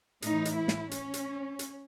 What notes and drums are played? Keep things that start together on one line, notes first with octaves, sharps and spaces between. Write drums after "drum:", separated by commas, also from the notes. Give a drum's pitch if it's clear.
A2 E3 D#4, drum: hi-hat
drum: hi-hat
E4
drum: snare
C#4, drum: hi-hat
drum: hi-hat
drum: hi-hat